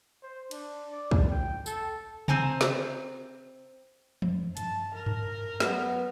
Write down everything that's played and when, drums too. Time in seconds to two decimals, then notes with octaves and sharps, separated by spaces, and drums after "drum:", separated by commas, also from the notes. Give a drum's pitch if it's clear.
0.23 C5
0.51 D4, drum: cymbal
0.91 D5
1.11 drum: kick
1.30 G5
1.66 A4, drum: tambourine
2.28 C4 C5 G#5 A#5, drum: tom C3
2.61 drum: snare
4.22 F#2, drum: tom E3
4.57 G2 A5, drum: hi-hat
4.95 A#4
5.06 drum: tom G2
5.60 F#3 B3, drum: snare